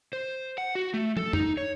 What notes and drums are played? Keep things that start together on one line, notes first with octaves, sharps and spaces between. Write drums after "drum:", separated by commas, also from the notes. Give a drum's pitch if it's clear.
C5
F#5
F#4
A3
A4, drum: tom
D#4, drum: tom
C#5